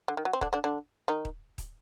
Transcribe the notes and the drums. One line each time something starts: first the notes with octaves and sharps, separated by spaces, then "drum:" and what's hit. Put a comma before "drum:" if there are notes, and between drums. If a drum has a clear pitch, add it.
D3
D#3
F#3
C4
D3 D4, drum: kick D#1
D3 D4
D3 D4
D#3 D#4
drum: kick D#1
drum: kick D#1, hi-hat